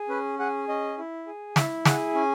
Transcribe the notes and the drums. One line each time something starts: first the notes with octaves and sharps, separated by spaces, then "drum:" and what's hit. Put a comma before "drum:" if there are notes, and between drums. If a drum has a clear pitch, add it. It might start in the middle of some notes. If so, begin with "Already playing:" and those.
Already playing: G#4
C#4 B4
G#4 F#5
C#4 D#5
E4
G#4
E4 E5, drum: snare
G#4 F#5, drum: snare
C#4 G#5